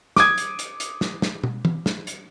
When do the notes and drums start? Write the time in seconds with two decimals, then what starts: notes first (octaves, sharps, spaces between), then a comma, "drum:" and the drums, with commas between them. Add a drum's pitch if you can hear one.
0.16 D6 D#6 G#6, drum: snare
0.38 drum: hi-hat
0.59 drum: hi-hat
0.80 drum: hi-hat
1.01 drum: snare
1.22 drum: snare
1.44 drum: tom
1.65 drum: tom
1.86 drum: snare
2.07 drum: hi-hat